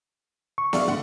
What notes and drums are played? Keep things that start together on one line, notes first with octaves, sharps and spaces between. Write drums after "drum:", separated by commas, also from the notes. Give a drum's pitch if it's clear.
C#6
D5 E5 F5, drum: snare
D3 F#5 C6